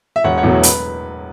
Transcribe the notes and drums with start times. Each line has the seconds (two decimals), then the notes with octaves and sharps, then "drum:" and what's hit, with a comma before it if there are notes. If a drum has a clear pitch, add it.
0.16 E5
0.24 E1 C#5 F#5
0.37 C#5 F#5
0.43 E2 B2 F#3 A3
0.50 A4
0.63 B4, drum: hi-hat